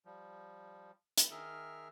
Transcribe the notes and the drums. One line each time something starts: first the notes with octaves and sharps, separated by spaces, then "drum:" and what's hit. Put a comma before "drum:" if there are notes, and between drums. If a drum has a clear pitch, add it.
F3 G3
drum: hi-hat
D#3 G#4 A#4 E5 F6